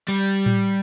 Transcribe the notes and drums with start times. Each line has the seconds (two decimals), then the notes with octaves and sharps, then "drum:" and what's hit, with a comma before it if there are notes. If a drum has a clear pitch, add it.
0.08 G3
0.46 drum: tom A2